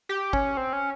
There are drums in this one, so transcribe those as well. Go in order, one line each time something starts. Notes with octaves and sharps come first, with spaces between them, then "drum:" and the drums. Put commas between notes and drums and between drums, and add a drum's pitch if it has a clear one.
G4
C#4, drum: kick
C4
C#4